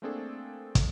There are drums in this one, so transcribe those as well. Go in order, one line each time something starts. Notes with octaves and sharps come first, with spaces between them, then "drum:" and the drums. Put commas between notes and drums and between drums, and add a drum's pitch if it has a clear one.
A3 A#3 C4 D4 G#4 A4
drum: kick, hi-hat